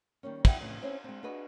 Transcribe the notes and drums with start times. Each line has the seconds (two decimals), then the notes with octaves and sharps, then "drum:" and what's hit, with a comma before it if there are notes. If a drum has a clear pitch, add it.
0.23 D#3 G3 A#3 C#4
0.45 F3 G3 E4 E5 F#5 G5, drum: kick, cymbal
0.60 F2 A2 C#3 E3
0.82 C4 C#4 E4 B4 C5
1.04 G#3 C4
1.23 D4 F#4 G#4 B4 D#5 F#5